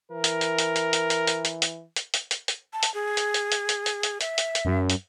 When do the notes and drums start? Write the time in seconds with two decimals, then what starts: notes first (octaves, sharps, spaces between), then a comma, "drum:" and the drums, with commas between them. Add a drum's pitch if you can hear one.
0.12 E3 A#4
0.24 drum: hi-hat
0.41 drum: hi-hat
0.59 drum: hi-hat
0.76 drum: hi-hat
0.93 drum: hi-hat
1.10 drum: hi-hat
1.27 drum: hi-hat
1.45 drum: hi-hat
1.62 drum: hi-hat
1.96 drum: hi-hat
2.14 drum: hi-hat
2.31 drum: hi-hat
2.48 drum: hi-hat
2.73 A5
2.83 drum: hi-hat
2.94 G#4
3.17 drum: hi-hat
3.34 drum: hi-hat
3.52 drum: hi-hat
3.69 drum: hi-hat
3.86 drum: hi-hat
4.03 drum: hi-hat
4.21 E5, drum: hi-hat
4.38 drum: hi-hat
4.55 drum: hi-hat
4.65 F#2
4.90 drum: hi-hat